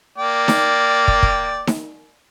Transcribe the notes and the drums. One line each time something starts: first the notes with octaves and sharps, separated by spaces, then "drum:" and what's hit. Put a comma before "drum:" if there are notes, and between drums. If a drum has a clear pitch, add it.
A#3 D5 G5
drum: snare D#4
drum: kick
drum: kick
drum: snare D#4